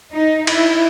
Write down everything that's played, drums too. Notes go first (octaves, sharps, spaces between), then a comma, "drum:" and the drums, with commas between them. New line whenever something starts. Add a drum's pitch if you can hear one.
D#4
E4, drum: cymbal